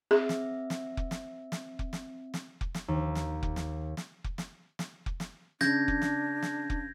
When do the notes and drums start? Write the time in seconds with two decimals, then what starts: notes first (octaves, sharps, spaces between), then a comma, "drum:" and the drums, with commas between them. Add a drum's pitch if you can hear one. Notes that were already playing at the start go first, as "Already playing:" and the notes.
0.11 C4 G#4 E5
0.29 drum: snare
0.70 drum: snare
0.97 drum: kick F1
1.11 drum: snare
1.52 drum: snare
1.79 drum: kick F1
1.93 drum: snare
2.34 drum: snare
2.61 drum: kick F1
2.75 drum: snare
2.88 D#2
3.15 drum: snare
3.43 drum: kick F1
3.56 drum: snare
3.97 drum: snare
4.24 drum: kick F1
4.38 drum: snare
4.79 drum: snare
5.06 drum: kick F1
5.20 drum: snare
5.61 C#3 D4 G6 G#6 A#6, drum: snare
5.88 drum: kick F1
6.02 drum: snare
6.43 drum: snare
6.70 drum: kick F1